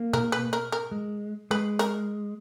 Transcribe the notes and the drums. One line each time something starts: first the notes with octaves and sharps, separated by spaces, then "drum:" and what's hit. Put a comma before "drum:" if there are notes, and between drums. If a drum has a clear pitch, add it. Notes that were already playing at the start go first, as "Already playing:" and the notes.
Already playing: A#3
A#4, drum: tom B2
B4
A#4
A#4
G#3
G#3 B4
A#4, drum: hi-hat